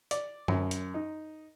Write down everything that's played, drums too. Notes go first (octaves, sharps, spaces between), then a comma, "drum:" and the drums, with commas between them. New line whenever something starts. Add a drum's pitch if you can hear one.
D5, drum: hi-hat
F#2, drum: tom F#2
drum: hi-hat
D#4